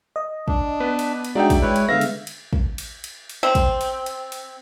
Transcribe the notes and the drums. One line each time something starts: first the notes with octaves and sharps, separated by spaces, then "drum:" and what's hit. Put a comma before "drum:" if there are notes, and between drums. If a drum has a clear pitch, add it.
D#5
D4, drum: kick
B3 B4
drum: cymbal
drum: cymbal
G#3 D4 D#4 F#4 D5 E5 G5
drum: kick, cymbal
G#3 E4 B4 C#5
drum: cymbal
D3 G#3 B3 E5 F5 A#6
drum: cymbal
drum: cymbal
drum: kick
drum: cymbal
drum: cymbal
drum: cymbal
C4
drum: kick, cymbal
drum: cymbal
drum: cymbal
drum: cymbal